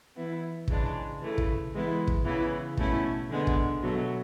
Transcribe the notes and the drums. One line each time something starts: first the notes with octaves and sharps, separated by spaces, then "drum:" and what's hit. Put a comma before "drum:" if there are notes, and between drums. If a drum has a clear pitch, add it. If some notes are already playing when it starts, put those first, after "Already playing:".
E3 B3 E4
C#3 E3 G#3 D4, drum: kick
C#3 E3 A3 E4
drum: kick
E3 G#3 B3 E4
drum: kick
C#3 E3 B3 E4
B2 A3 C#4 E4, drum: kick
D3 G#3 B3
drum: kick
B2 F#3 A3